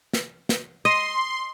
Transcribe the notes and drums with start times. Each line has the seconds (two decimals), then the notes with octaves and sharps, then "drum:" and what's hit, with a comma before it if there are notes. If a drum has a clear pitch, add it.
0.14 drum: snare
0.49 drum: snare
0.85 D#5 C6